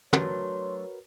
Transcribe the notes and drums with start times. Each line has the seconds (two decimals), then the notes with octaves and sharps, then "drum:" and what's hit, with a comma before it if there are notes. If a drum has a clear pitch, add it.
0.13 F#3 A3 D4 F#4 A#4 B4 C#5 C6, drum: tom